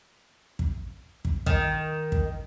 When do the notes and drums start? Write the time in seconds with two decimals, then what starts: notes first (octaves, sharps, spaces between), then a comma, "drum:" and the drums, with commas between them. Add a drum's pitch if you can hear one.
0.59 drum: kick
1.25 drum: kick
1.46 D#3, drum: kick
2.12 drum: kick